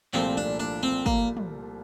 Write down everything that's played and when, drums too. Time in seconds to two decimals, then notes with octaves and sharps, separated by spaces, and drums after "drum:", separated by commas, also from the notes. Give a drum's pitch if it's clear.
0.13 C2 A#2 F3 A3 C4, drum: clap
0.37 D4
0.59 D4
0.83 C4
1.06 A#3, drum: kick
1.37 drum: tom